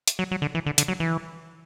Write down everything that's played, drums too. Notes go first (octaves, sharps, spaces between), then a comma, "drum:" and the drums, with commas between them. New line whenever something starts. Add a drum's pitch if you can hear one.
drum: hi-hat
F#3
F#3
D3
E3
D3
D3, drum: hi-hat
F#3
E3